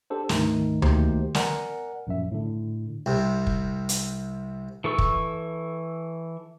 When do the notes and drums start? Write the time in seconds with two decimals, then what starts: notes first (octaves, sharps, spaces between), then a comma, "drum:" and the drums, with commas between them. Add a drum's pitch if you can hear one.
0.10 D4 G4 A4 C5
0.29 D2 G#2 D#3 A3, drum: snare
0.82 D#3 A3 A#3 F#4 G4 C5, drum: tom D2
1.35 A#4 D5 F#5 G#5, drum: snare
2.07 A#1 F#2 E5
2.32 A2 D3
3.06 C2 C3
3.47 drum: kick
3.89 drum: hi-hat
4.84 E3 A4 C#6 E6
4.98 drum: kick